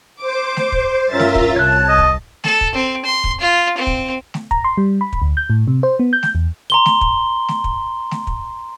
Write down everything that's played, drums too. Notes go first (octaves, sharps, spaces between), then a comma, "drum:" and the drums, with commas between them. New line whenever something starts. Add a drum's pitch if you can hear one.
C5 D6
drum: snare A3
drum: kick
G2 C#4 F4 A#4 E5 A6
drum: snare A3
drum: kick
C2 C#5 A5 F#6
D#5
drum: kick
A4, drum: snare A3
drum: kick
C4
C6
drum: kick
F4
C4
drum: kick
drum: snare A3
A#5, drum: kick
C6
G3
B5
drum: kick
D2
G6
A2
C3
C5
B3
G6
drum: snare A3
E2
A#5 C6 G7
drum: snare A3
drum: kick
drum: snare A3
drum: kick
drum: snare A3
drum: kick